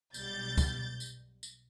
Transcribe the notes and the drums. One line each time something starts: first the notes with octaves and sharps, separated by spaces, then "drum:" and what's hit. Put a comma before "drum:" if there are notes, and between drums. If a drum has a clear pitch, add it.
B1 B2 G3 G6 A6, drum: tambourine
drum: kick, tambourine
drum: tambourine
drum: tambourine